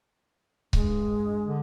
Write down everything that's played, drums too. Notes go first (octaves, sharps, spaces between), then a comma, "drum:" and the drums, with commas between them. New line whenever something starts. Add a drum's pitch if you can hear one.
G2 G#3, drum: kick C#1
D3